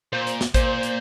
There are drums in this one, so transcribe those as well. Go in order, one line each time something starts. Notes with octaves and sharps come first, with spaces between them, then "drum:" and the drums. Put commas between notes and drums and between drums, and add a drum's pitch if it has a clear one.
A#2 C5
drum: hi-hat
drum: snare
A#2 C5, drum: kick A1, hi-hat
drum: hi-hat